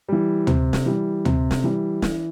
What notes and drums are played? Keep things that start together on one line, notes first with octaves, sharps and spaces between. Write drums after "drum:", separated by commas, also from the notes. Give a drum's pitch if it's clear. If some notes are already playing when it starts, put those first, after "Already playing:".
E3 G3
C3, drum: tom D2
drum: snare
E3 G3
C3, drum: tom D2
drum: snare
E3 G3
E3, drum: snare